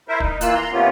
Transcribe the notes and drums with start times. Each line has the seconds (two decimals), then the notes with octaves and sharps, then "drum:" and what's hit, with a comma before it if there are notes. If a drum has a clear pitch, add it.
0.08 E4 A#4 C5 E5
0.20 D#4, drum: kick
0.41 E3 A#3 F4 E6 F#6, drum: hi-hat
0.55 A#5 C6
0.72 C3 A#3 B3 C#4 F4